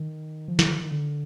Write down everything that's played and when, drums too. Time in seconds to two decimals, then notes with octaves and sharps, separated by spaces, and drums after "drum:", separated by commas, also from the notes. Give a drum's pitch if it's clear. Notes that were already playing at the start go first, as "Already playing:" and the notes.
Already playing: D#3
0.48 F3
0.59 D#3, drum: snare
0.70 D#3
0.80 D#3
0.91 D3